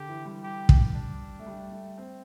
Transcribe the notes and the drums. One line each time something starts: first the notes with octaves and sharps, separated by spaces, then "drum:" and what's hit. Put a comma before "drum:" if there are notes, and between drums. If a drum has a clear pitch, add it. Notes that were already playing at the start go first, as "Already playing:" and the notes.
Already playing: D3 G4
E3
G3
G4
drum: kick
D4
A3
G3
A3
C4